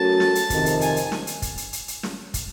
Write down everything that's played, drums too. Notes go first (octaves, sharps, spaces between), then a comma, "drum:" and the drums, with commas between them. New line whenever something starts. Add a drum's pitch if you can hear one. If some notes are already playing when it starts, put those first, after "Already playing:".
Already playing: F#3 A3 C#4 F#4 A#4 A5
drum: snare
drum: hi-hat
F2 C3 D#3, drum: kick, hi-hat
drum: hi-hat
G#5, drum: hi-hat
drum: hi-hat
drum: snare
drum: hi-hat
drum: kick, hi-hat
drum: hi-hat
drum: hi-hat
drum: hi-hat
drum: snare
drum: kick, hi-hat